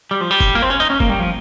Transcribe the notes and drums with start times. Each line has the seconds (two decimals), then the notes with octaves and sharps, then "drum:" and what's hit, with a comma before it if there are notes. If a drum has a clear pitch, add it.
0.11 G3
0.21 F3
0.31 G3
0.40 drum: kick F#1
0.55 A#3
0.62 C4
0.70 C#4
0.80 D#4
0.90 C#4
1.00 A#3, drum: kick F#1
1.10 G3
1.19 F3